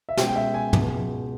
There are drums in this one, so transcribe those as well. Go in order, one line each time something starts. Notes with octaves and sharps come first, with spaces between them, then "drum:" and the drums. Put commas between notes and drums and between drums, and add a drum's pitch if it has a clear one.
E5
B2 G#3 C#4 G5, drum: snare
G5
E5
G#5
C#2 B2 G#3, drum: tom